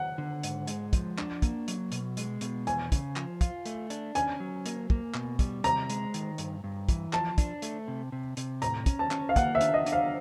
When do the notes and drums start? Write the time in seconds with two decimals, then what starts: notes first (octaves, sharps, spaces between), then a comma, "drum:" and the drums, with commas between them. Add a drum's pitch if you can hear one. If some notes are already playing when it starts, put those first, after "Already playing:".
Already playing: F#5
0.18 D3
0.43 G#2, drum: hi-hat
0.67 G#3, drum: hi-hat
0.93 F3, drum: kick, hi-hat
1.18 D4, drum: clap
1.42 A#3, drum: kick, hi-hat
1.68 F#3, drum: hi-hat
1.92 B2, drum: hi-hat
2.17 G#3, drum: hi-hat
2.41 B2, drum: hi-hat
2.67 E2 G#5, drum: hi-hat
2.92 C#3, drum: kick, hi-hat
3.16 F3, drum: clap
3.41 F4, drum: kick, hi-hat
3.66 A3, drum: hi-hat
3.90 D4, drum: hi-hat
4.15 C#4 G#5, drum: hi-hat
4.40 F#3
4.66 A#3, drum: hi-hat
4.90 A#3, drum: kick
5.14 B2, drum: clap
5.39 G3, drum: kick, hi-hat
5.64 C3 A#5, drum: hi-hat
5.90 G#3, drum: hi-hat
6.14 D#3, drum: hi-hat
6.38 G2, drum: hi-hat
6.64 G2
6.89 E3, drum: kick, hi-hat
7.13 F3 A5, drum: clap
7.38 D4, drum: kick, hi-hat
7.62 A3, drum: hi-hat
7.88 C3
8.12 C3
8.37 C3, drum: hi-hat
8.62 A2 A#5, drum: hi-hat
8.86 C#4, drum: kick, hi-hat
8.99 A5
9.11 C#4, drum: clap
9.29 F5
9.36 A#3 F#5, drum: kick, hi-hat
9.55 E5
9.61 D4, drum: hi-hat
9.74 D#5
9.86 D4, drum: hi-hat
9.93 F5